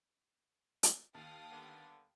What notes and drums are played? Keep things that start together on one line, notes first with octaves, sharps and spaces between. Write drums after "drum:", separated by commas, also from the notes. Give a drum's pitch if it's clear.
drum: hi-hat
D#2 F5 G5 A5 D#6
D3 G3 B3